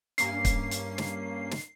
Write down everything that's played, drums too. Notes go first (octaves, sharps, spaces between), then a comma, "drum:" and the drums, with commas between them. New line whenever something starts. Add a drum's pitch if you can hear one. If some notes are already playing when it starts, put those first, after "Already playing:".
G2 A#3 C#4 C7, drum: hi-hat
drum: kick, hi-hat
drum: hi-hat
drum: snare
drum: snare